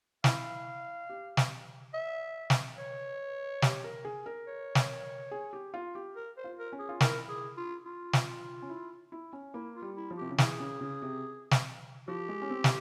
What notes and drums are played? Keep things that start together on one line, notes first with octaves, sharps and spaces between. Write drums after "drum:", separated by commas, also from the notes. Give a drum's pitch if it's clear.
E4 F5, drum: snare
G4
drum: snare
E5
drum: snare
C#5
G4, drum: snare
A#4
G#4
A#4
C#5
drum: snare
G#4
G4
F4
G4
A#4
C5
F4
A#4
C#4
G#4
F4
E4 A#4, drum: snare
G#4
F4
F4
drum: snare
C#4
E4
E4
C#4
A#3 E4
F4
G3
E4
F3
C3 G4
C#3
E3 G#4, drum: snare
C#3
C#3
C3
drum: snare
F3 G4
G#3
C#4
C4
drum: snare